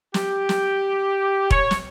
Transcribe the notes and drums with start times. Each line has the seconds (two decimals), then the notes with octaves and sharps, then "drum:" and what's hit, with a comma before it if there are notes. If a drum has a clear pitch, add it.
0.14 G4, drum: snare
0.49 drum: snare
1.51 C#5, drum: kick E1
1.71 drum: snare